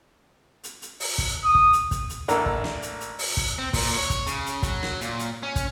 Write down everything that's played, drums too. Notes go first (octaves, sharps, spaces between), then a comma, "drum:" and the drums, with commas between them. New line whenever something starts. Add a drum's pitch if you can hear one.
drum: hi-hat
drum: hi-hat
drum: open hi-hat
drum: kick, hi-hat
D#6
drum: kick
drum: hi-hat
drum: kick, hi-hat
drum: hi-hat
A1 A#3 D4 A4 F#5 A#5, drum: hi-hat
drum: kick
drum: snare
drum: hi-hat
drum: hi-hat
drum: open hi-hat
drum: kick, hi-hat
C4
A#2, drum: kick, open hi-hat
C#5
drum: kick, hi-hat
C#3, drum: hi-hat
drum: hi-hat
F#3, drum: kick, hi-hat
drum: snare
A#2, drum: hi-hat
drum: hi-hat
C#4
drum: kick, hi-hat